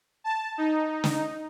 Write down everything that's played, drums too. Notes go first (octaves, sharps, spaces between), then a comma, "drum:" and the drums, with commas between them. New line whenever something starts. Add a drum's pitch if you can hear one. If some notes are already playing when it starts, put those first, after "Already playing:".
A5
D#4
drum: snare